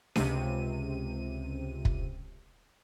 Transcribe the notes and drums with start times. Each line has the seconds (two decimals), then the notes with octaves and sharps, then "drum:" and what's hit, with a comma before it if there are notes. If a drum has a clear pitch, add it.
0.16 C#2 C3 D#7, drum: snare D4
1.85 drum: kick